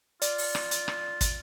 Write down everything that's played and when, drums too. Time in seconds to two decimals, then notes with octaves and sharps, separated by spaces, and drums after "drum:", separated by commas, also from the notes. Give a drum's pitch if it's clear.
0.22 F4 D5, drum: hi-hat
0.38 drum: open hi-hat
0.55 drum: rim click
0.71 drum: hi-hat
0.88 drum: rim click
1.21 drum: kick, hi-hat